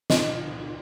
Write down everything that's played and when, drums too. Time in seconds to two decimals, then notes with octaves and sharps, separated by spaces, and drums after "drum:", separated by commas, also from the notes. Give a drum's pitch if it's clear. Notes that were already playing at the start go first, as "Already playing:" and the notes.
0.10 D#5, drum: snare